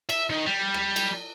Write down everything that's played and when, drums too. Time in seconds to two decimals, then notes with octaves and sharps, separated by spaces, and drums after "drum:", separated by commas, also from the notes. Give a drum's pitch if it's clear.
0.09 E5, drum: cymbal
0.30 D#3
0.46 G3
0.74 drum: rim click
0.96 drum: cymbal